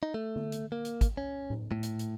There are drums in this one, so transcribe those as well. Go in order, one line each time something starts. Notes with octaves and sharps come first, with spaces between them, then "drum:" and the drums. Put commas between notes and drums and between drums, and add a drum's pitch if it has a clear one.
D#4
A3
drum: tom D3
drum: hi-hat
A#3
drum: hi-hat
drum: kick, hi-hat
C#4
drum: tom A2
A2
drum: hi-hat
drum: hi-hat